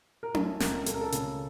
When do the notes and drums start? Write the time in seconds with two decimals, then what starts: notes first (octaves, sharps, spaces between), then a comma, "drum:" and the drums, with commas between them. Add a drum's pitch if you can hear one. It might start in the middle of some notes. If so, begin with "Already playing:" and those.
0.23 A#4
0.34 A3 A4, drum: tom C#4
0.60 C#2 A#4, drum: snare
0.86 C#2 A4, drum: hi-hat
0.94 A#4
1.01 A4
1.12 C#3, drum: hi-hat